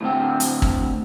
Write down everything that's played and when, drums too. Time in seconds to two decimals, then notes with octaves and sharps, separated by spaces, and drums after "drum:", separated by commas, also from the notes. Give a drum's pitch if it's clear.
0.01 A2 D3 C4 G5
0.40 drum: hi-hat
0.62 drum: kick